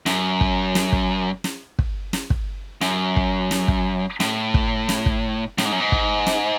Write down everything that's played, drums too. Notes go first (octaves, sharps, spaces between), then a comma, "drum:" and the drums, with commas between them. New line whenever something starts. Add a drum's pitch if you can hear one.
F#2, drum: snare
drum: kick
drum: snare
drum: kick
drum: snare
drum: kick
drum: snare
drum: kick
F#2, drum: snare
drum: kick
drum: snare
drum: kick
A2, drum: snare
drum: kick
drum: snare
drum: kick
A2, drum: snare
G#2
F#2
G#2
drum: kick
drum: snare